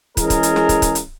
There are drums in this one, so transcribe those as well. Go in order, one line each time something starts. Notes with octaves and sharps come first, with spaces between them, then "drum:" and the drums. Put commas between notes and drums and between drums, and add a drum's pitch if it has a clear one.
E3 G#3 C#4 G#4 A#4, drum: kick, hi-hat
drum: kick, hi-hat
drum: hi-hat
drum: snare
drum: kick, hi-hat
drum: kick, hi-hat
drum: hi-hat